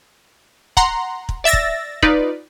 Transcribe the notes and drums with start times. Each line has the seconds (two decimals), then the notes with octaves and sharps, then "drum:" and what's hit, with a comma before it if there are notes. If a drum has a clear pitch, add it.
0.77 F#5 A#5 C6, drum: kick
1.29 drum: kick
1.44 D5 E5 E6 A6 A#6
1.53 drum: kick
2.02 D#4 F4 B4 D5, drum: kick